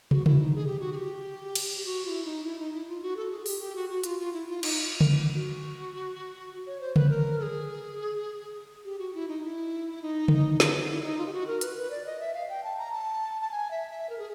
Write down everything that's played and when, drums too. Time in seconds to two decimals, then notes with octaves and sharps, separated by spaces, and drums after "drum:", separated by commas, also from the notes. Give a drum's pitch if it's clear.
0.11 F#4, drum: tom
0.26 E4, drum: tom C#3
0.40 D#4
0.55 G#4
0.67 G4
0.80 F#4
0.93 G#4
0.97 G4
1.55 drum: cymbal
1.77 G4
1.85 F#4
2.05 F4
2.09 E4
2.25 D#4
2.44 E4
2.59 D#4
2.73 E4
2.88 F4
3.02 F#4
3.17 A4
3.31 G#4
3.46 G4, drum: open hi-hat
3.60 G4
3.76 F#4
3.90 F#4
4.04 F4, drum: hi-hat
4.19 F4
4.33 E4
4.47 F4
4.63 D#4, drum: cymbal
5.01 drum: tom C#3
5.35 F#4
6.66 C#5
6.81 C5
6.96 B4, drum: tom C#3
7.09 A#4
7.39 A4
7.43 G#4
8.85 G4
8.99 F#4
9.14 E4
9.28 D#4
9.43 E4
10.02 D#4
10.28 drum: tom C#3
10.60 E4, drum: snare
10.75 D#4
10.89 E4
11.03 D#4
11.18 F4
11.26 G4
11.33 F#4
11.47 A#4
11.61 B4, drum: hi-hat
11.77 B4
11.90 D5
12.06 D#5
12.20 E5
12.34 F5
12.49 G5
12.64 A5
12.78 A#5
12.92 A5
13.41 A5
13.52 G#5
13.71 E5
13.90 E5
14.10 A#4
14.19 G#4